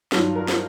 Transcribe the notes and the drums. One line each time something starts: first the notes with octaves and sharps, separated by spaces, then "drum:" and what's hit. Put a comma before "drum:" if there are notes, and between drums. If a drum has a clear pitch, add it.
G2 D#3 F#3 F4, drum: snare
A#4
C5, drum: snare